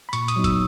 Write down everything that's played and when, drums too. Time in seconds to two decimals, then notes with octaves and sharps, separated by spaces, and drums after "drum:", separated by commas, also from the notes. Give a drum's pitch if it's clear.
0.09 B5
0.13 A#2 C#6, drum: hi-hat
0.28 D#6, drum: hi-hat
0.36 F#3 B3 D#4
0.44 E6, drum: kick, hi-hat